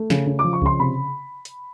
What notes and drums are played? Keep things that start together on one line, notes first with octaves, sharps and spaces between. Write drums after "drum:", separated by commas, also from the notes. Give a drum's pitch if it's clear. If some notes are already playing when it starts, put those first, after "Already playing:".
Already playing: A3
C#3, drum: snare
C#3
D6
F3
C#6
C#3 C6, drum: kick C2
C3 B5
drum: hi-hat